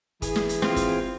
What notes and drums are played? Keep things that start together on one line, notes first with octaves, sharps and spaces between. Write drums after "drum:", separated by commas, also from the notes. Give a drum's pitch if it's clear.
E3 G#4, drum: kick, hi-hat
drum: snare
drum: hi-hat
C4 F4, drum: snare
drum: kick, hi-hat